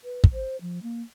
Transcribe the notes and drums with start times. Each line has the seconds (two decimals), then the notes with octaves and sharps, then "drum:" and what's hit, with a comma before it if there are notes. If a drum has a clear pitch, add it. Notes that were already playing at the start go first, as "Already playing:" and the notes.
0.04 B4
0.24 drum: kick
0.33 C5
0.61 F3
0.83 A#3